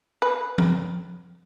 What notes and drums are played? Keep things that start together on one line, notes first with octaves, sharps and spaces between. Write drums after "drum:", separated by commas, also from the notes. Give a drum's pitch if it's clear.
B4
drum: tom F3